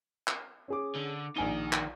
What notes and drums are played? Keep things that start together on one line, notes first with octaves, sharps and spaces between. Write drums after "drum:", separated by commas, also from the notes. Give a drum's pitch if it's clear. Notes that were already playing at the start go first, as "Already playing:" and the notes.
drum: clap
C#4 G#4 D6
D3
A#1 D#3 D#4 G#5 G7
drum: clap